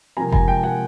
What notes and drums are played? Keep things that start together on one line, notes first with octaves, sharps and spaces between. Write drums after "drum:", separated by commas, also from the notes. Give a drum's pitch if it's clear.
C3 F3 A#3 G#5 A#5
G#5 A#5, drum: kick F#1
G5 A5
F#5 G#5